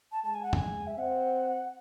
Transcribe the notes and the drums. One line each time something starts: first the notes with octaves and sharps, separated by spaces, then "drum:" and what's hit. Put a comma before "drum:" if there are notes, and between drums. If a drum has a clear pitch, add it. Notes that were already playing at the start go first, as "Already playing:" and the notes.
A5
G#3 A5
G#5
F#5
G#5, drum: tom E2
G#3
E5
C4 F#5